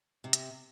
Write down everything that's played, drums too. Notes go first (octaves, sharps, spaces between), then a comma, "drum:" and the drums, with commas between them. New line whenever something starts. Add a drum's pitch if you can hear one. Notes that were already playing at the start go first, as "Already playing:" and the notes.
C3
drum: hi-hat